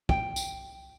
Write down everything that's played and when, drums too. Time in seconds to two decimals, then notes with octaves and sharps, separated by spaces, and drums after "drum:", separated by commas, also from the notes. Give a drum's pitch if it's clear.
0.09 G5, drum: kick
0.36 drum: tambourine